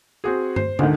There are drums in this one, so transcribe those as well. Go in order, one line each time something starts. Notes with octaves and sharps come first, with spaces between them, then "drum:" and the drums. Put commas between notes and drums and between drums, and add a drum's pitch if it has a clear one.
C4 F#4 G#4
C5, drum: tom
D2 G#2 D3 D#3, drum: tom